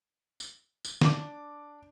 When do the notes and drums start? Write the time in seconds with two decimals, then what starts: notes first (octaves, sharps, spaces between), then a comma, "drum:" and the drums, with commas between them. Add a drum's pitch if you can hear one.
0.40 drum: tambourine
0.85 drum: tambourine
1.01 D4 D6, drum: snare